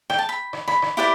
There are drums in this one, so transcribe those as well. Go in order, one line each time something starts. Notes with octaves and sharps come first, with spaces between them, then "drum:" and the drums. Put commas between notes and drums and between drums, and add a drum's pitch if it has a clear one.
G5, drum: rim click
A5
B5
drum: rim click
B5, drum: rim click
drum: rim click
E4 G4 B4 D5